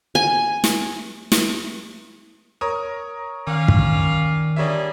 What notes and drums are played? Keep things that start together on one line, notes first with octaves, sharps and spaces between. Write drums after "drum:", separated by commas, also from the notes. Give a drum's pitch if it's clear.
G#5
drum: snare
drum: snare
A#4 C#5 D#6
D#3 C#4 D5 F5
drum: kick
G3 A#3 D4 G#4 C#5 E5